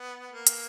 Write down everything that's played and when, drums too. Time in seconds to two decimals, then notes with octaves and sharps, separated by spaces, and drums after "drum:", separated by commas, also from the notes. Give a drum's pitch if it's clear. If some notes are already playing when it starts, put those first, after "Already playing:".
Already playing: B3
0.32 A#3
0.47 drum: hi-hat